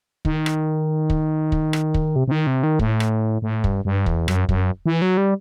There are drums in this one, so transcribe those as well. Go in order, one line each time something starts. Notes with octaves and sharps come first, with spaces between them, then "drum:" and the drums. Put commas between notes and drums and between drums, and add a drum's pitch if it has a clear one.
D#3, drum: kick
drum: rim click
drum: kick
drum: kick
drum: rim click
drum: kick
C3
C3
D#3
C3
D#3
A2, drum: kick
drum: rim click
A2
G2, drum: kick
G2
E2, drum: kick
F#2, drum: rim click
F#2, drum: kick
E3
F#3
G3